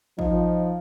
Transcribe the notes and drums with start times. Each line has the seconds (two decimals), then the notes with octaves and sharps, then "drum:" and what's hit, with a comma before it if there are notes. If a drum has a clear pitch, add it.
0.19 F3 D#4, drum: kick A1